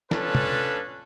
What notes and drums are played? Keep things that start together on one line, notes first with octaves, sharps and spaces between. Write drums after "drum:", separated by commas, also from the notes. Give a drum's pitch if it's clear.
C#4 D4 F4 A4 B4, drum: snare
drum: tom